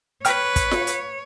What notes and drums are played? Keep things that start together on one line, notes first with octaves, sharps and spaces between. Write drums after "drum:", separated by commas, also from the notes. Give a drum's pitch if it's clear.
B4 C#5 G5 F6, drum: hi-hat
drum: kick, hi-hat
drum: snare F4
drum: hi-hat